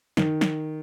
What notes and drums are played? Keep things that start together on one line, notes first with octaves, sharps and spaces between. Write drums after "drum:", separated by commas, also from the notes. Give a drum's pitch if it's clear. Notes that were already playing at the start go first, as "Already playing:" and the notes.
D#3, drum: snare
drum: snare